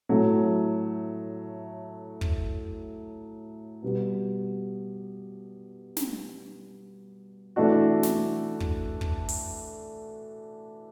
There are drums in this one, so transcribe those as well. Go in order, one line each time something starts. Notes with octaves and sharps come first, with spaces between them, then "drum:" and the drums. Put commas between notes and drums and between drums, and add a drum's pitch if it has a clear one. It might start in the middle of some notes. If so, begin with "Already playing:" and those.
A2 F#3 A3
drum: kick
B2 G3 B3
drum: snare
E3 A3 D4 F#4
drum: snare
drum: kick
drum: kick
drum: open hi-hat